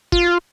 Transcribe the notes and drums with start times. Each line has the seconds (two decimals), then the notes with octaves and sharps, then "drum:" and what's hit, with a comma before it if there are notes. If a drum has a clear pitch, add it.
0.12 F4, drum: kick